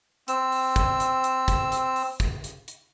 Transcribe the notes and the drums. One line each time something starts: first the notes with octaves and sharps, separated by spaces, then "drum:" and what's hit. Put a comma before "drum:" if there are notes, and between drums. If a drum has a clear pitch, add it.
C4 E6, drum: hi-hat
drum: open hi-hat
drum: kick, hi-hat
drum: hi-hat
drum: hi-hat
drum: kick, hi-hat
drum: hi-hat
drum: open hi-hat
drum: kick, hi-hat
drum: hi-hat
drum: hi-hat